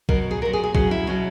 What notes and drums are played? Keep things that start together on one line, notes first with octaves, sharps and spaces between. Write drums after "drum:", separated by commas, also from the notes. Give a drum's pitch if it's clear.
B2 F#3 A#4, drum: kick B1
G#4
A#2 F#3 A#4
G#4
G#4
C#3 F#3 G#4, drum: kick B1
E4
B2 F#3 C#4